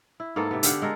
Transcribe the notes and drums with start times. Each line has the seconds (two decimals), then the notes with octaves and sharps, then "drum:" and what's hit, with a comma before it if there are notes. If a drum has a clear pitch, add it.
0.20 E4
0.36 G#2 A#3 B3 A4
0.51 C3 B3
0.63 D3 G4 F5 F#5, drum: hi-hat
0.82 G#3 A4 A#4